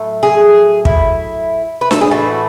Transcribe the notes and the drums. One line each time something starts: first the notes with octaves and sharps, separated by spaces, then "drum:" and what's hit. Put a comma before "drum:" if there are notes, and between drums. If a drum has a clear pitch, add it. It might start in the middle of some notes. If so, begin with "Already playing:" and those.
Already playing: A2 F#3 A3
G#4
E4, drum: kick
B4
A4, drum: snare D4
G#4
A2 E3 A3 F#4